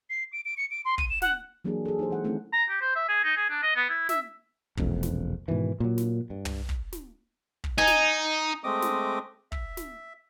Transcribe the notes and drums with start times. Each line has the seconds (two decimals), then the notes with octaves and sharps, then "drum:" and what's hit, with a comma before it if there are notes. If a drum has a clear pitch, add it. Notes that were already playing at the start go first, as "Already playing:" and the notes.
0.10 C7
0.33 D7
0.45 D7
0.57 C#7
0.71 D7
0.85 C6
0.98 D#7, drum: kick
1.10 E7
1.22 F#5, drum: snare
1.64 E3 F#3 A#3 D4 G4 G#4
1.85 G#4 A4
1.98 A#3 D#4 E4 G4 C5
2.10 E3 G#3 F#5
2.24 D#3 A3 C4 C#4 D#4 E4
2.52 A#5
2.69 G4
2.81 C5
2.95 E5
3.08 G#4
3.24 D#4
3.37 G#4
3.50 D4
3.62 D#5
3.75 B3
3.90 E4
4.09 E5, drum: snare
4.77 E1 A#1 F2, drum: kick
5.03 drum: snare
5.48 G#2 B2 D#3 E3
5.80 A#2 F#3
5.98 drum: snare
6.30 G2
6.45 drum: tom
6.69 drum: kick
6.93 drum: snare
7.64 drum: kick
7.78 D#4 G#5
7.87 drum: snare
8.64 G#3 A3 C4 D#5 D6 D#6
8.82 drum: snare
9.52 E5, drum: kick
9.77 drum: snare